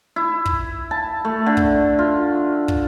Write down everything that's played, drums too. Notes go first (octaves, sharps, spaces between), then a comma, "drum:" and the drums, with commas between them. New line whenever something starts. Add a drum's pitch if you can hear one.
E4
drum: kick
A5
A3
D3
drum: kick
F4
drum: kick